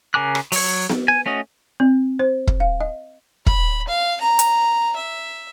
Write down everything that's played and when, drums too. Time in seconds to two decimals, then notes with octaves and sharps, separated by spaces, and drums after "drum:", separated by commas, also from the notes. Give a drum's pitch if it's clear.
0.14 C#3 A#4 G#5 D6 F#6
0.35 drum: rim click
0.52 F#3 C#5, drum: open hi-hat
0.89 drum: snare B3
1.08 G#5
1.26 A3 C#4 F#4 D#5
1.80 C4
2.19 C5
2.47 drum: kick
2.60 F5
2.81 D#5
3.46 B5, drum: kick
3.88 F5
4.21 A#5
4.39 drum: hi-hat
4.96 E5